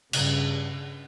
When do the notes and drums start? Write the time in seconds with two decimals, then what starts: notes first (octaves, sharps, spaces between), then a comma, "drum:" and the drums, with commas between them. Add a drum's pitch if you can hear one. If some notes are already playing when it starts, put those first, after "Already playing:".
0.13 G2 C#3, drum: cymbal